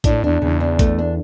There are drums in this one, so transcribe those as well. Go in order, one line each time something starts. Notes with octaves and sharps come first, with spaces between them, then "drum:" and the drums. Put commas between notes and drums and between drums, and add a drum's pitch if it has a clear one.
A2 D4, drum: kick A1, hi-hat
E2 D4
E2 C#3
D4
A3, drum: kick A1, hi-hat
D4